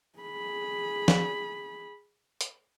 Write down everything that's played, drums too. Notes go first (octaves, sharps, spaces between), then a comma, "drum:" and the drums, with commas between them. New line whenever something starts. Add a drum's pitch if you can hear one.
G#4 B5
drum: snare
drum: hi-hat